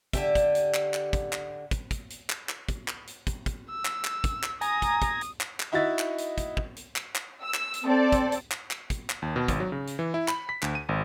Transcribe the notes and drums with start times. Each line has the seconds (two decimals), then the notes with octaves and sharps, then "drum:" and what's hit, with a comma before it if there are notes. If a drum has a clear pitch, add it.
0.13 D3 G4 E5, drum: kick, hi-hat
0.35 drum: kick, hi-hat
0.55 drum: hi-hat
0.74 drum: clap
0.94 drum: clap
1.13 drum: kick, hi-hat
1.33 drum: clap
1.71 drum: kick, hi-hat
1.91 drum: kick, hi-hat
2.10 drum: hi-hat
2.30 drum: clap
2.49 drum: clap
2.69 drum: kick, hi-hat
2.88 drum: clap
3.07 drum: hi-hat
3.27 drum: kick, hi-hat
3.46 drum: kick, hi-hat
3.70 E6
3.85 drum: clap
4.05 drum: clap
4.24 drum: kick, hi-hat
4.43 drum: clap
4.61 G#5 A#5 D#6, drum: hi-hat
4.82 drum: kick, hi-hat
5.02 drum: kick, hi-hat
5.21 drum: hi-hat
5.40 drum: clap
5.60 drum: clap
5.72 D#4 E4 F#4 D#5 E5 A6
5.99 drum: clap
6.18 drum: hi-hat
6.38 drum: kick, hi-hat
6.57 drum: kick
6.76 drum: hi-hat
6.96 drum: clap
7.15 drum: clap
7.42 E6
7.54 drum: clap
7.74 drum: hi-hat
7.85 C4 A4 D5
8.12 drum: kick, hi-hat
8.32 drum: hi-hat
8.51 drum: clap
8.71 drum: clap
8.90 drum: kick, hi-hat
9.10 drum: clap
9.22 D#2
9.36 B2
9.48 G#1, drum: kick, hi-hat
9.60 F#3
9.72 C#3
9.87 drum: hi-hat
9.99 E3
10.14 E4
10.28 B5, drum: clap
10.49 B6
10.62 D2, drum: clap
10.75 D#7
10.89 G#1